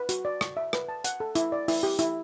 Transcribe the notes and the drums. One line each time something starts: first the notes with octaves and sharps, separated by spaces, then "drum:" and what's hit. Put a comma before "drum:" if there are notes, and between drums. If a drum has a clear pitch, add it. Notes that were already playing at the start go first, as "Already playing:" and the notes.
Already playing: B4
F#4, drum: hi-hat
D5
C#6, drum: rim click
E5
B4, drum: rim click
A5
F#5, drum: hi-hat
A4
E4, drum: hi-hat
D5
E4, drum: open hi-hat
G4
E4, drum: hi-hat